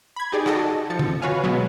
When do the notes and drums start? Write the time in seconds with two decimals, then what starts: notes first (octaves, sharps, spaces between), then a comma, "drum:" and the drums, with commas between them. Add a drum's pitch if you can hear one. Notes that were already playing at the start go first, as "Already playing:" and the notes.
0.16 B5 G#6
0.32 D#4 G4 G#4 D5
0.46 F#4 A4 D#5 A5, drum: rim click
0.90 F3 A6 C#7
0.99 drum: tom D3
1.22 F#4 B4 C#5 F5 G#5
1.43 B2 F#3 G#3 B3